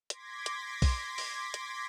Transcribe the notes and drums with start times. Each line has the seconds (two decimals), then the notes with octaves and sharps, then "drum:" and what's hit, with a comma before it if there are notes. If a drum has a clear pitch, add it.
0.10 C6 D6 G#6 A#6 B6, drum: hi-hat
0.46 drum: hi-hat
0.82 drum: kick, open hi-hat
1.18 drum: open hi-hat
1.54 drum: hi-hat